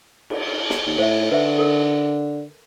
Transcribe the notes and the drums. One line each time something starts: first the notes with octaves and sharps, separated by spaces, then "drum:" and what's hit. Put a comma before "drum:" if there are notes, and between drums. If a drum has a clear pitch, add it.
drum: cymbal
drum: snare
D#2
A2 C5 E5
D3 B4 C5 E5
A4 A#4